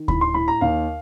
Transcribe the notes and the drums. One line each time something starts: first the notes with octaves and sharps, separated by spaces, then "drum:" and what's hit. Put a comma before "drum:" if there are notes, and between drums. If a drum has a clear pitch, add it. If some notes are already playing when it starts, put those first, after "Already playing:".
Already playing: D#3
A2 B5, drum: kick D2
C6
A2 B5
A#5
D#2 F5